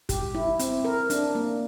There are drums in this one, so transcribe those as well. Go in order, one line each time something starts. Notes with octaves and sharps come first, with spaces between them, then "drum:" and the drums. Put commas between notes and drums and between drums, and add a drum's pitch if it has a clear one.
G4, drum: kick, hi-hat
E4
C4, drum: hi-hat
A#4
D4, drum: hi-hat
A#3